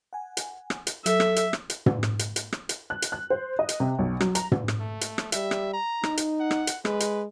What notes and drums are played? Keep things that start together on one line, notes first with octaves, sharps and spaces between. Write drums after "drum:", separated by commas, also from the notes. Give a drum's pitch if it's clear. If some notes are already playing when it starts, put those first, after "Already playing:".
F#5 G#5
drum: hi-hat
drum: rim click
drum: hi-hat
F#3 A4 E5, drum: hi-hat
drum: rim click
drum: hi-hat
drum: rim click
drum: hi-hat
drum: tom
drum: rim click
drum: hi-hat
drum: hi-hat
drum: rim click
drum: hi-hat
F#6
drum: hi-hat
F#6
C5
D#5
drum: hi-hat
C3
B1
F#3, drum: rim click
A#5, drum: hi-hat
drum: tom
drum: rim click
A3
drum: hi-hat
drum: rim click
G3 E5, drum: hi-hat
drum: rim click
A#5
D#4, drum: rim click
drum: hi-hat
F#5
drum: rim click
drum: hi-hat
G#3 B4, drum: rim click
drum: hi-hat